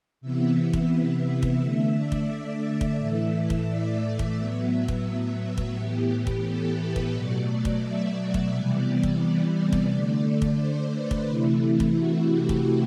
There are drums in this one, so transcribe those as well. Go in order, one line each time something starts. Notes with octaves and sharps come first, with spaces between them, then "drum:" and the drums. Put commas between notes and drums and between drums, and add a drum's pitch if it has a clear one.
C3 E3 B3 E5
drum: kick
E5
drum: kick
D3 A3
D5
drum: kick
drum: kick
A2 E3 A3 E5
drum: kick
D5
E5
drum: kick
A2 F#3 B3
E5
drum: kick
E5
drum: kick
A2 E3 B3 G4
G4
drum: kick
A4
B4
drum: kick
B2 F#3 A3 D5
drum: kick
E5
E5
drum: kick
C3 E3 G3 B3 D5
drum: kick
D5
drum: kick
D3 A3
drum: kick
C5
B4
drum: kick
C3 E3 A3 E4
drum: kick
F#4
G4
drum: kick